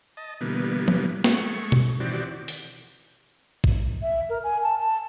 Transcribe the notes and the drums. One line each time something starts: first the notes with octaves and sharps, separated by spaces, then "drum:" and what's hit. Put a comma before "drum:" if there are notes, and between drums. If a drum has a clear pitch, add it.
D#5 A5
B2 D3 E3 G3 A#3 B3
drum: tom
G#3 A3 C#6, drum: snare
drum: tom B2
D#3 E3 C4 F#4 G4 D5
drum: open hi-hat
drum: kick
E5
A#4
G#5
A5
A5